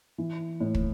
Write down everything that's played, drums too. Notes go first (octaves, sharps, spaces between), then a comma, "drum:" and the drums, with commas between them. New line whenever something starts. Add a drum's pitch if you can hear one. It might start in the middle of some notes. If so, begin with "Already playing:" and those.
E3
A2
drum: kick